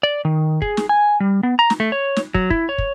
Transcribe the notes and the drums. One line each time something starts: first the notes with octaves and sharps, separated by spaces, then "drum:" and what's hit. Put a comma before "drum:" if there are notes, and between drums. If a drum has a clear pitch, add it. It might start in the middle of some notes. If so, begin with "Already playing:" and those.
D5
D#3
G#4, drum: kick
drum: snare
G#5
G3
B3
A#5
drum: snare
A3
C#5
drum: snare
F#3, drum: kick
E4, drum: kick
C#5
drum: kick